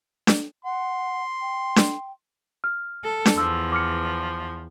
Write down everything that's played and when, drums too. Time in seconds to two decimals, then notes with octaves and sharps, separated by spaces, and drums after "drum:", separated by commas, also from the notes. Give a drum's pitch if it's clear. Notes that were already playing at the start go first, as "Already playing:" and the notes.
0.27 drum: snare D4
0.65 F#5 C6
1.41 G5
1.76 drum: snare D4
2.64 F6
3.04 A4
3.26 drum: snare D4
3.38 E2 F3 E6
3.72 D6 F6 C#7